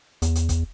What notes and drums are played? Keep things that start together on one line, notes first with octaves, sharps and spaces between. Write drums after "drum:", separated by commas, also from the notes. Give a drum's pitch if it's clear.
E2, drum: hi-hat
drum: hi-hat
drum: kick, hi-hat